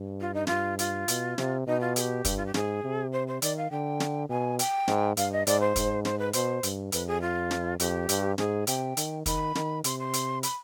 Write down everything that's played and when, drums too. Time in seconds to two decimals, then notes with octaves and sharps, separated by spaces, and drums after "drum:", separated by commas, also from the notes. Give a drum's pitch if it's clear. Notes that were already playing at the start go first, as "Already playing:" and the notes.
Already playing: G2
0.21 F4
0.34 D#4
0.47 G2 F4, drum: snare
0.79 F4, drum: hi-hat
1.08 B2, drum: hi-hat
1.38 C3, drum: snare
1.67 B2 D#4
1.81 F4
1.96 G#4, drum: hi-hat
2.00 G4
2.25 G2, drum: kick, hi-hat
2.37 F4
2.46 G4
2.54 G#2 G#4, drum: snare
2.84 C3
3.12 C5
3.28 C5
3.42 D#3 D5, drum: hi-hat
3.57 F5
3.71 D3 G5
4.00 drum: snare
4.29 B2 G#5
4.59 G5, drum: hi-hat
4.88 G#2, drum: snare
5.17 G2 F5, drum: hi-hat
5.32 D#5
5.47 G#2 D5, drum: hi-hat
5.60 C5
5.76 G#2, drum: kick, hi-hat
6.05 C5, drum: snare
6.19 B4
6.33 B2 C5, drum: hi-hat
6.63 G2, drum: hi-hat
6.92 F2 B4, drum: hi-hat
7.07 G#4
7.22 F4
7.51 drum: snare
7.80 F2 G4, drum: hi-hat
8.09 G2, drum: hi-hat
8.38 G#2 G#4, drum: snare
8.67 C3 G5, drum: hi-hat
8.97 D#3, drum: hi-hat
9.26 D#3 B5, drum: kick, hi-hat
9.55 D#3, drum: snare
9.84 C3 C6, drum: hi-hat
9.99 C6
10.13 drum: hi-hat
10.43 B5, drum: hi-hat